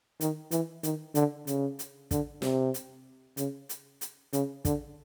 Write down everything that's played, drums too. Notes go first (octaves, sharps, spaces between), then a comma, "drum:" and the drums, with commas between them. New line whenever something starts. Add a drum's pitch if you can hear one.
D#3, drum: hi-hat
E3, drum: hi-hat
D#3, drum: hi-hat
D3, drum: hi-hat
C#3, drum: hi-hat
drum: hi-hat
D3, drum: kick, hi-hat
C3, drum: snare
drum: hi-hat
C#3, drum: hi-hat
drum: hi-hat
drum: hi-hat
C#3, drum: hi-hat
D3, drum: kick, hi-hat